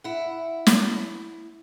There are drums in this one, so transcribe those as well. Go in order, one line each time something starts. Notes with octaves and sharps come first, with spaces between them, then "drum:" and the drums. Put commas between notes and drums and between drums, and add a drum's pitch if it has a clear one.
E4 F#5
drum: snare